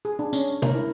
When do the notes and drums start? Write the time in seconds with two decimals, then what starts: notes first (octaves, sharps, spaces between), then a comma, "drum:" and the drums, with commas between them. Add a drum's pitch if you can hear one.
0.05 G#4
0.19 D4
0.33 C#4, drum: tambourine
0.62 A#4, drum: tom C3
0.75 E4